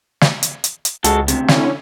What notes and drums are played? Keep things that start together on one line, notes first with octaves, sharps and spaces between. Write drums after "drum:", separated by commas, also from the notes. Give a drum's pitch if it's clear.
drum: snare
drum: hi-hat
drum: hi-hat
drum: hi-hat
C#2 G#3 F#4 A4, drum: hi-hat
D2 C3, drum: hi-hat
D3 C#4 E4, drum: snare